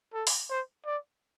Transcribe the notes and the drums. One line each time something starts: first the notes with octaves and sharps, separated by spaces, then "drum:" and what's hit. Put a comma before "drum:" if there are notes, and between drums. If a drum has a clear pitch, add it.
A4
drum: open hi-hat
C5
D5